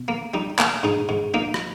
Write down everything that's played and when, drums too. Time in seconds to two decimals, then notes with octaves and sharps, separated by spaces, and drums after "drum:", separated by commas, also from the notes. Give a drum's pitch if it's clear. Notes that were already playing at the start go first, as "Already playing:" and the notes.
Already playing: B2
0.08 A#3
0.34 G3 D#4
0.59 A#3, drum: clap
0.83 G#2 D#4
1.09 G#2
1.34 A#3 D#4
1.54 drum: rim click